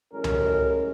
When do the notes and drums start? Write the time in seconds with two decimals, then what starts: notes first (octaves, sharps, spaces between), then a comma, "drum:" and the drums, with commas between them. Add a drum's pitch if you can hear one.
0.14 A1 F#2 G3 G#3 C#4 A#4
0.24 drum: tom C#2